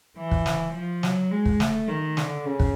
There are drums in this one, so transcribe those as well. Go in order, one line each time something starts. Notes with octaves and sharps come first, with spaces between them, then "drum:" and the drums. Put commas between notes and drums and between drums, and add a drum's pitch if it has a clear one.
E3
drum: kick
drum: snare
F3
F#3, drum: snare
G#3
drum: kick
A3, drum: snare
D#3
D3, drum: snare
C#3
drum: kick